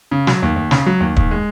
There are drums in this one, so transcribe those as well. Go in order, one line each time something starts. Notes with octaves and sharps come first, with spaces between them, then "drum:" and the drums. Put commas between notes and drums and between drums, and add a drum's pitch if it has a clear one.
C#3
F#3, drum: snare
D#2
D#2
C#3, drum: snare
F#3
D#2
D#2, drum: kick
G#3